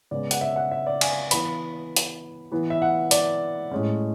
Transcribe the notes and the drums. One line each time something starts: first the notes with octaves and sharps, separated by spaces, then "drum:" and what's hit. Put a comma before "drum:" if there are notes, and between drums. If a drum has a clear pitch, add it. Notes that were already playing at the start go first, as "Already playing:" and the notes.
C#3 G#3 B3 D5
F#5, drum: hi-hat
E5
F#5
E5
D5
G#5, drum: cymbal
E3 B3 B5, drum: hi-hat
drum: hi-hat
E3 B3
E5
F#5
D5, drum: hi-hat
A2 G#3 C#4